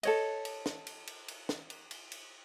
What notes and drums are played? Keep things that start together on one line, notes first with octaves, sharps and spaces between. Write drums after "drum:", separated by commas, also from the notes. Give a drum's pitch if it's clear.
A4 C#5 D#5, drum: cymbal
drum: cymbal
drum: snare
drum: cymbal
drum: cymbal
drum: cymbal
drum: snare
drum: cymbal
drum: cymbal
drum: cymbal